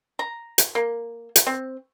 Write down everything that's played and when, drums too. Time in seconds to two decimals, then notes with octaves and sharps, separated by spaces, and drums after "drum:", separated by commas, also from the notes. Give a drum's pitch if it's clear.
0.19 A#5
0.58 drum: hi-hat
0.75 A#3
1.36 drum: hi-hat
1.47 C4